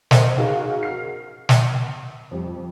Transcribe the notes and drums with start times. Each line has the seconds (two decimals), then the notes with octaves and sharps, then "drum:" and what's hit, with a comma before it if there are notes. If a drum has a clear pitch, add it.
0.11 A4 A#4 C5 D#5, drum: snare
0.38 D#4 F#4 G#4 A#4 F5
0.83 F6 C7
1.49 drum: snare
2.31 F2 G3